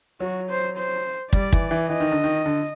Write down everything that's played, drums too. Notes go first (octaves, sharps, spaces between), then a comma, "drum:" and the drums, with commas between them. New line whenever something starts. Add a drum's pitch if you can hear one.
F#3 F#4
C5
C5
G3 D5, drum: kick
E3, drum: kick
E3
E3 D#5
D#3
D3
D#3
D3